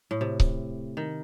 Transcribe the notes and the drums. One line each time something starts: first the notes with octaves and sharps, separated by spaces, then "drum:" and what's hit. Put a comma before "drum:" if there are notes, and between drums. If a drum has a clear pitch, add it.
A2
C3
drum: kick C#1
D#3